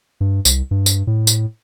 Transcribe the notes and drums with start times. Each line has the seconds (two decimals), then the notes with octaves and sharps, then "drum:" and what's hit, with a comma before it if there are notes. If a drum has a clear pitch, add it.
0.20 G2
0.45 C2, drum: tambourine
0.71 G2
0.86 drum: tambourine
1.07 A2
1.27 drum: tambourine